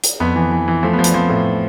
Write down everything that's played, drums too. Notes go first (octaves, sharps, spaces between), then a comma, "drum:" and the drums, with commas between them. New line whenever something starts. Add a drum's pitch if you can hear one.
drum: hi-hat
F2 B3
E3
E3
E3
F3 A3
B3
F3
B3, drum: hi-hat
F3 C4
A2